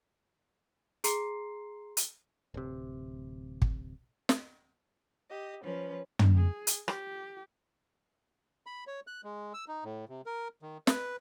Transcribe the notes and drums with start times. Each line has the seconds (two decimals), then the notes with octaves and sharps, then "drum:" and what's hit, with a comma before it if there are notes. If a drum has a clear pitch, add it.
1.04 G#4 A#5 C6 C7, drum: hi-hat
1.97 drum: hi-hat
2.54 D1 C3
3.62 drum: kick
4.29 drum: snare
5.30 G4 D#5
5.63 F3 C#4 B4
6.19 drum: tom
6.35 G#4
6.67 drum: hi-hat
6.88 G4, drum: rim click
8.66 B5
8.87 C#5
9.07 F#6
9.24 G#3
9.54 E6
9.68 D#4
9.84 A2
10.09 C3
10.26 A#4
10.62 D#3
10.87 B4, drum: snare